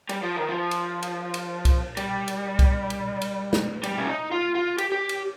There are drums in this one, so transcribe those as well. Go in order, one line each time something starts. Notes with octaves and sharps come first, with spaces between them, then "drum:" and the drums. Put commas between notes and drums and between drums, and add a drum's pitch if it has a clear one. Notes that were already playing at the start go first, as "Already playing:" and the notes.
G3, drum: cymbal
F3
D#3
F3
drum: cymbal
drum: cymbal
drum: cymbal
drum: kick C2, cymbal
G3, drum: cymbal
drum: cymbal
drum: kick C2, cymbal
drum: cymbal
drum: cymbal
drum: snare
G3, drum: cymbal
C#4
D#4
F4
F4
G4, drum: cymbal
G4
drum: cymbal